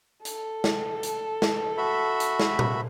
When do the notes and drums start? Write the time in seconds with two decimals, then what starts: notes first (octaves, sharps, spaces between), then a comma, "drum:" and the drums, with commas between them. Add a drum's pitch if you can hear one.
0.25 A4, drum: hi-hat
0.64 drum: snare
1.03 drum: hi-hat
1.42 drum: snare
1.78 F#4 E5 B5
2.20 drum: hi-hat
2.39 drum: snare
2.59 drum: tom A#2